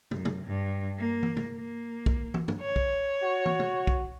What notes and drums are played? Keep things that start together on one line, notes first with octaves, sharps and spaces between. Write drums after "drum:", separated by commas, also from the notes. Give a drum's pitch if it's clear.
F#2, drum: tom
drum: tom
G2
A#3
drum: tom
drum: tom
A#3
drum: kick
drum: tom
drum: tom
C#5
drum: kick
F#4
drum: tom
drum: tom
drum: kick